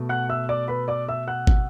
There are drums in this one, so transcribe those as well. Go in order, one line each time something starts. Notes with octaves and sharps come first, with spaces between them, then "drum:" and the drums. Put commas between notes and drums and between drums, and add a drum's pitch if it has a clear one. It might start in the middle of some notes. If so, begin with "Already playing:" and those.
Already playing: B2 A3
F#5 F#6
E5 E6
D5 D6
B4 B5
D5 D6
E5 E6
F#5 F#6
drum: kick